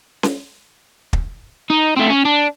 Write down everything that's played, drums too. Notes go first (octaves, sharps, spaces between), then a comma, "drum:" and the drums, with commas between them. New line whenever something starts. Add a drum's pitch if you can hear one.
drum: snare C#4
drum: kick
D#4
A3 C4
C#4
D4